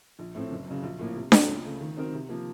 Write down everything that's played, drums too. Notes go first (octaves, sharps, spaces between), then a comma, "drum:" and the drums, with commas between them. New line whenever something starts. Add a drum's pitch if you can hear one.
A#1
A2 A3 C4
F#1
F#2 C#3
A#1
A2 F3 A#3
C3
F#3 C4, drum: snare D4
C#2
C#3 A3
D#3
F#3 C4 D#4 A#4
C3
F3 A#3